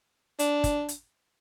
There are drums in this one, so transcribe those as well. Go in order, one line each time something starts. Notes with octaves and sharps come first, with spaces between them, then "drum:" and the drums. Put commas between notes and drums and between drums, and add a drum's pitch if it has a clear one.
D4, drum: hi-hat
drum: kick, hi-hat
drum: hi-hat